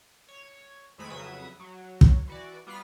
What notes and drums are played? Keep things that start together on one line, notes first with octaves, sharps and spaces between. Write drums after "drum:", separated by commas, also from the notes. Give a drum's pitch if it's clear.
C#5
F2 D#3 G#3 A3 B5 G#6
F2 C#3 F#3 B4 E5 D#6
F#3
drum: kick
E3 F#4 D5
G3 B3 F4 F6 B6